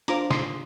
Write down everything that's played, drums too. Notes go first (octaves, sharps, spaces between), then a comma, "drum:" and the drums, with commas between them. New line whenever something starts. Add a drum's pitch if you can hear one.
D4 F4 C5 A#5 D6, drum: hi-hat
C6 D#6, drum: snare